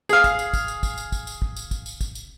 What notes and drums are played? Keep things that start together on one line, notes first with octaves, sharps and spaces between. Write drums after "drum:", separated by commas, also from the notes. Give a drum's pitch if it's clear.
G#4 F5, drum: tambourine
drum: kick, tambourine
drum: tambourine
drum: kick, tambourine
drum: tambourine
drum: kick, tambourine
drum: tambourine
drum: kick, tambourine
drum: tambourine
drum: kick
drum: tambourine
drum: kick, tambourine
drum: tambourine
drum: kick, tambourine
drum: tambourine